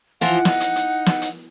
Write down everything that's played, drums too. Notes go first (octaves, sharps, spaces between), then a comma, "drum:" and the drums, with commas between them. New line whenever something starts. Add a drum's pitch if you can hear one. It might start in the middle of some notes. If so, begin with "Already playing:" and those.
E3 F3 F4 F#5
D#4, drum: snare
drum: hi-hat
drum: hi-hat
drum: snare
drum: hi-hat